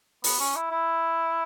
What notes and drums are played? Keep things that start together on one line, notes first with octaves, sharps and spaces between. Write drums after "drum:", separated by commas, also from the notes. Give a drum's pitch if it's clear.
B3, drum: open hi-hat
C#4
E4
E4